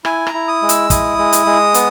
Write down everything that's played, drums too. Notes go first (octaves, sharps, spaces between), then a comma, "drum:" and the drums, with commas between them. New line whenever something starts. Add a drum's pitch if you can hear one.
E4 G#5, drum: rim click
A#5, drum: rim click
E4
D#6
G#3
E6, drum: hi-hat
E4 D#6, drum: kick, hi-hat
G#3
drum: hi-hat
G#3
B3, drum: hi-hat